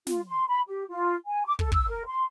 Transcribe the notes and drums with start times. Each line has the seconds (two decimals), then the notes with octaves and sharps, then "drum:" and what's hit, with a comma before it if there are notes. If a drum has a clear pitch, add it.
0.07 F4, drum: snare
0.27 C6
0.49 B5
0.67 G4
0.90 F4
1.27 G#5
1.46 D6
1.59 A4, drum: kick
1.72 E6, drum: kick
1.89 A#4
2.07 C6